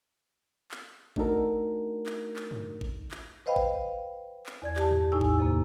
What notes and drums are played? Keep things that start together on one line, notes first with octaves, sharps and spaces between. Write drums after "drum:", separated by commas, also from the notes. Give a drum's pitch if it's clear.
drum: clap
A3 D4 D#4 F#4 A4 A#4, drum: kick
drum: clap
drum: clap
drum: tom
drum: kick
drum: clap
B4 C5 D#5 F5 G5 B5
drum: kick
drum: clap
E2 D5 G#6
G4 A5, drum: clap
drum: tom
E2 A2 D#4 G#5 E6
drum: kick
F#2 C3 A#3